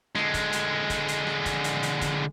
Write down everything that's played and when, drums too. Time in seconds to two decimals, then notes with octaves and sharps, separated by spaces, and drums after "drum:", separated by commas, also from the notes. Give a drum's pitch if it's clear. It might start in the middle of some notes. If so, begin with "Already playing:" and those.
0.15 D3 G#3, drum: rim click
0.34 drum: kick, hi-hat
0.53 drum: hi-hat
0.90 drum: kick, hi-hat
1.08 drum: hi-hat
1.27 drum: rim click
1.45 drum: kick, hi-hat
1.64 drum: hi-hat
1.83 drum: hi-hat
2.01 drum: kick, hi-hat